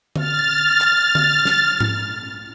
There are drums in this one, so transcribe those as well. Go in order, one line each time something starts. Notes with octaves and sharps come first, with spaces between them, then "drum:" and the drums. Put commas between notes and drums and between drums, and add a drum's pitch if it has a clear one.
F6 A6, drum: tom D3
drum: clap
drum: tom D3
drum: snare
drum: tom G#2